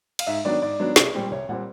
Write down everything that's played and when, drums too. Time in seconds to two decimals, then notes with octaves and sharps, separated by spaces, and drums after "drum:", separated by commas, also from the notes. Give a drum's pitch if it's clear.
0.19 F5, drum: cymbal
0.27 G#2 E5
0.45 D#3 F#3 B3 D4 D5
0.62 G#2 D5
0.79 D#3 F#3 B3 D4
0.96 C2, drum: snare
1.14 A#2 G3 C4
1.31 C2 C#5
1.49 A#2 G3 C4 F#5